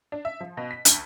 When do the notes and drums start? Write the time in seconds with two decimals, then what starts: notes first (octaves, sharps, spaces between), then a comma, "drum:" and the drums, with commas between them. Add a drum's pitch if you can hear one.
0.12 D4
0.25 E5
0.41 F3
0.57 B2
0.71 B6
0.85 D2, drum: hi-hat